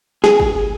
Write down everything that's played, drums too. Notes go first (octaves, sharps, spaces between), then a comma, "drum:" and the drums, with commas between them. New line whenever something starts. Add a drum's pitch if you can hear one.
G#4, drum: snare
drum: kick